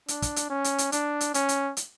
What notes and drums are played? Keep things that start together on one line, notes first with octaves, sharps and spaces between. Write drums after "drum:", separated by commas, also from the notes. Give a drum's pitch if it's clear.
D4, drum: hi-hat
drum: kick, hi-hat
drum: hi-hat
C#4
drum: hi-hat
drum: hi-hat
D4, drum: hi-hat
drum: hi-hat
C#4, drum: hi-hat
drum: hi-hat
drum: hi-hat